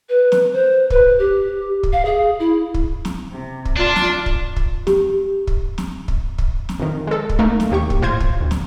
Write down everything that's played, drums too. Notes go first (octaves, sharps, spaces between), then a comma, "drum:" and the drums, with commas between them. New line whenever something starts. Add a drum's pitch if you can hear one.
B4
drum: snare
C5
B4, drum: kick
G4
drum: kick
F5
G#4
E4
drum: kick
drum: snare
C3
drum: kick
D4 F4 D5
drum: snare
drum: kick
drum: kick
G4, drum: snare
drum: kick
drum: snare
drum: kick
drum: kick
drum: snare
F2 D#3
G#3 A4
drum: kick
A3 A#3 D#4
drum: snare
D#2 G4 C#6
drum: kick
A2 F4 C5 G#6
drum: kick
D2
drum: snare